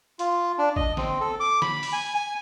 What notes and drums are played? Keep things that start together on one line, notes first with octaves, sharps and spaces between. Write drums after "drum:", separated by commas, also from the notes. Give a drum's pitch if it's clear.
F4, drum: hi-hat
D4
D#5, drum: kick
C4, drum: snare
A4
D6
B5, drum: snare
drum: open hi-hat
G#5
G#5